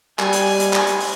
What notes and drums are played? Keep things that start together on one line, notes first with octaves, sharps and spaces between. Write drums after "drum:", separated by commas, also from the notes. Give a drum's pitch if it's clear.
G3 G#5, drum: clap
drum: hi-hat
drum: open hi-hat
drum: hi-hat
drum: clap
drum: hi-hat
drum: open hi-hat